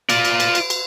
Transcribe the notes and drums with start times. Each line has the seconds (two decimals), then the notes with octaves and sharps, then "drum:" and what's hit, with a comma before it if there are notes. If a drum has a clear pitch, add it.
0.10 F4 D5, drum: cymbal
0.25 drum: cymbal
0.40 drum: cymbal
0.55 drum: cymbal
0.70 drum: cymbal